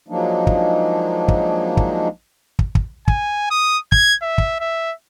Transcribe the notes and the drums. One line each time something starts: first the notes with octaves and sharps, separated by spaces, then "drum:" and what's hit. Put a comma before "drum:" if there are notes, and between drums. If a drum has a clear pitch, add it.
F3 F#3 G#3 A#3 D4 D#4
drum: kick
drum: kick
drum: kick
drum: kick
drum: kick
G#5, drum: kick
D#6
G#6, drum: kick
E5
drum: kick
E5